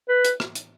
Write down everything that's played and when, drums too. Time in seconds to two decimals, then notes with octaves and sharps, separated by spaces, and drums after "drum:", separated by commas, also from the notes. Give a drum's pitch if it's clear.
0.09 B4
0.25 drum: hi-hat
0.40 drum: rim click
0.55 drum: hi-hat